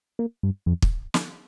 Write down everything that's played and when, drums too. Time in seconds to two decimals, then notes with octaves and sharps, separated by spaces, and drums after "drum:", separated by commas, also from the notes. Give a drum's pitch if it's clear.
0.19 A#3
0.43 G2
0.66 F2
0.82 drum: kick
1.14 drum: snare